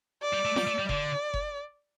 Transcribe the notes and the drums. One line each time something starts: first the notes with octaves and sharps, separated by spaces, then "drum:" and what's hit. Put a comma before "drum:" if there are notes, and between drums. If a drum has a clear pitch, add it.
D5
G3
A3
G3, drum: snare
A3
G3
D3 D5, drum: kick F#1
drum: kick F#1